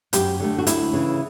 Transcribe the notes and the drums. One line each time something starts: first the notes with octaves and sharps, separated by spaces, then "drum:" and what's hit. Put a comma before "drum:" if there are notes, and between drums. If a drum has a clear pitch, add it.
F#2 G4, drum: hi-hat
D3 A3
F#4
D2 E4, drum: hi-hat
C#3 E3